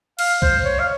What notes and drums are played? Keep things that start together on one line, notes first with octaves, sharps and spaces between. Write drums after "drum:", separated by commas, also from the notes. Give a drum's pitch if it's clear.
F5, drum: cymbal
C5, drum: kick B1
C#5
F5